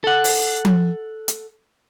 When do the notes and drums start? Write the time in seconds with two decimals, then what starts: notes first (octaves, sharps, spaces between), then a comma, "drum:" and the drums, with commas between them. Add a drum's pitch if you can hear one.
0.04 A4 F#5
0.24 drum: open hi-hat
0.65 drum: tom F3
1.28 drum: hi-hat